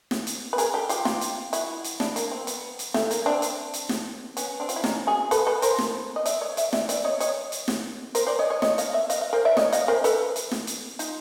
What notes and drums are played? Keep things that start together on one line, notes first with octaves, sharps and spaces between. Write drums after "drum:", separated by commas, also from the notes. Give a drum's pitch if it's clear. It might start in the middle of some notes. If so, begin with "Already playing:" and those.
drum: snare
drum: hi-hat
B4
G#4 A#4, drum: hi-hat
G4 A4
F4 G4, drum: hi-hat
F4 G4, drum: snare
drum: hi-hat
E4 F#4, drum: hi-hat
drum: hi-hat
D4 E4, drum: snare
A#3, drum: hi-hat
C4
B3, drum: hi-hat
drum: hi-hat
A3, drum: snare
A#3, drum: hi-hat
C4 D4
drum: hi-hat
drum: hi-hat
drum: snare
B3 C#4, drum: hi-hat
C4 D4
F4, drum: hi-hat
E4
C#4 D#4, drum: snare
F#4 G#4
A4 B4, drum: hi-hat
A4 B4
A#4 C5, drum: hi-hat
drum: snare
D#5
D5 E5, drum: hi-hat
C#5 D#5
D5 E5, drum: hi-hat
D5 E5, drum: snare
D5 E5, drum: hi-hat
C#5 D#5
C#5 D#5, drum: hi-hat
drum: hi-hat
drum: snare
A#4 C5, drum: hi-hat
C5 D5
C#5 D#5
C#5 D#5
C#5 D#5, drum: snare
D#5 F5, drum: hi-hat
D5 E5
D#5 F5, drum: hi-hat
D#5 F5
A#4 C5
D5 E5
C#5 D#5, drum: snare
D#5 F5, drum: hi-hat
A#4 C5
A4 B4, drum: hi-hat
drum: hi-hat
drum: snare
drum: hi-hat
D#4 F4, drum: hi-hat